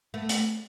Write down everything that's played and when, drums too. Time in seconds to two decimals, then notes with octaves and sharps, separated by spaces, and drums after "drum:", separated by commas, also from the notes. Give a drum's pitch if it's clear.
0.14 A3 B3
0.29 drum: hi-hat